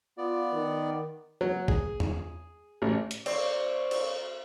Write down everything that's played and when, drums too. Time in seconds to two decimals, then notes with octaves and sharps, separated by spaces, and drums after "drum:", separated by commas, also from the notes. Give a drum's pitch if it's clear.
0.18 B3 F4 D5
0.53 D#3
1.41 F#3
1.68 G#4, drum: kick
2.00 drum: tom E2
2.82 A1
3.11 drum: hi-hat
3.26 C4 D5 C#6, drum: cymbal
3.91 drum: cymbal